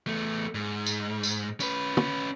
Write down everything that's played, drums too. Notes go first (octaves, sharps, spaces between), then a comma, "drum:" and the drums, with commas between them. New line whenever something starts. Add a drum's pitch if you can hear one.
E2 A3
G#2
drum: tambourine
drum: tambourine
C#4 B4, drum: tambourine
drum: tom